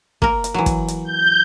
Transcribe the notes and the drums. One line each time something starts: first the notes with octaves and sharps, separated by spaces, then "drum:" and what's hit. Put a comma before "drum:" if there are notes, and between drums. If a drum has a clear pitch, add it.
A#3 A#4, drum: kick
drum: hi-hat
E3 F#3
drum: kick, hi-hat
drum: hi-hat
G6